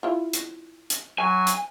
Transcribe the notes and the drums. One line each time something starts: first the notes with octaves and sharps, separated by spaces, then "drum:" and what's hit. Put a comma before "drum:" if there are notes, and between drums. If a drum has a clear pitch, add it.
E4 F4
drum: hi-hat
drum: hi-hat
F#3 G#5
drum: hi-hat